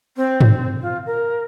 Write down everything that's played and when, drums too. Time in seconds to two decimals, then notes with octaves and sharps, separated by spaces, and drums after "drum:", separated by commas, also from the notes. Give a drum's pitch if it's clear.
0.17 C4
0.41 drum: tom
0.81 F4
1.06 A#4